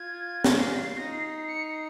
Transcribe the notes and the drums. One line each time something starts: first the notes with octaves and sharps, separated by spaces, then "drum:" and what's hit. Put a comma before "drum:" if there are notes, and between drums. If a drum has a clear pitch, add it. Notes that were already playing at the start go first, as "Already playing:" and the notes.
Already playing: F4 G#6
A#6, drum: snare
C7
C7
C7
D#4 A#6
C7
C7
C#7
C7